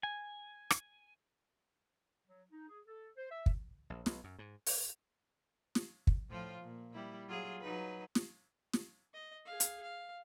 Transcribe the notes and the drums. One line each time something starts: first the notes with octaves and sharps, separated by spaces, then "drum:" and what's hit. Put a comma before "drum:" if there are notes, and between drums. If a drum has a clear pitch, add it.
G#5
drum: rim click
F#3
D#4
G#4
A4
C5
E5
drum: kick
A#1
B1, drum: snare
F#2
G#2
drum: open hi-hat
drum: snare
drum: kick
A2 F3 F4
A#2
G3 E4
F#3 F4 G#4
F#3 D#4 B4
drum: snare
drum: snare
D#5
G#4 F5
drum: hi-hat
F5